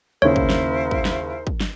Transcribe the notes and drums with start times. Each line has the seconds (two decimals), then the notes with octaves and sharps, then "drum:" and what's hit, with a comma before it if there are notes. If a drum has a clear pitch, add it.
0.22 D#2 C#3 E4 A#4 C5 C#5
0.36 drum: kick
0.50 drum: snare
0.91 drum: kick
1.05 drum: snare
1.47 drum: kick
1.60 drum: snare